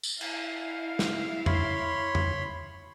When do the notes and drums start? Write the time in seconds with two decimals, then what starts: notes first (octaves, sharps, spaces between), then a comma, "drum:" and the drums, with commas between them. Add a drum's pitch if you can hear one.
0.03 drum: tambourine
0.21 E4 F5, drum: cymbal
0.99 drum: snare
1.46 C#5 B5 C6, drum: tom F2
2.15 drum: tom F2